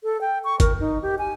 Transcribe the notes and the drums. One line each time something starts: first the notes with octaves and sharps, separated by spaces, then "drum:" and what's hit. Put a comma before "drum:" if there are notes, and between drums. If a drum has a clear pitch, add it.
A4
G5
C#6
A#4, drum: kick G1, hi-hat
D#4
G4
G#5